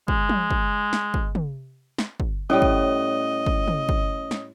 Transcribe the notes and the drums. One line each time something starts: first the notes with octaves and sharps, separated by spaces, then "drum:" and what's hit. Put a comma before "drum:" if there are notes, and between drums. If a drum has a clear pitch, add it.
G#3, drum: kick
drum: tom
drum: kick
drum: snare
drum: kick
drum: tom
drum: snare
drum: kick
A2 G3 C#4 C#5 D#5
drum: kick
drum: kick
drum: tom
drum: kick
drum: snare